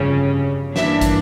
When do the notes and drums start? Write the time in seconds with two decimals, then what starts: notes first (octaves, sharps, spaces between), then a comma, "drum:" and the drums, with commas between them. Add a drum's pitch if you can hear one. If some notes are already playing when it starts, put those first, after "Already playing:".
Already playing: G1 F2 C#3 G3 C#4
0.76 G1 G2 E3 A#3 D4 E5, drum: snare
1.01 drum: kick, hi-hat